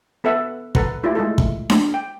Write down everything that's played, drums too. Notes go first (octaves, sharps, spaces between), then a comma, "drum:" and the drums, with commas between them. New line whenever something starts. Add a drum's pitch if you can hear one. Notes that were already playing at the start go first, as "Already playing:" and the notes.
B3 A4 B4 E5 F#5
A4 B4 F#5 A#5, drum: kick
A3 E4 F4 G4 D5
G#3 A3 E4 F4 A4
drum: kick
drum: snare D4
G5